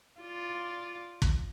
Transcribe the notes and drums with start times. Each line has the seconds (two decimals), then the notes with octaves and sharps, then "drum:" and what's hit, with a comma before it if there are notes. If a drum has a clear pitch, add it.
0.21 F4 D5
1.22 drum: kick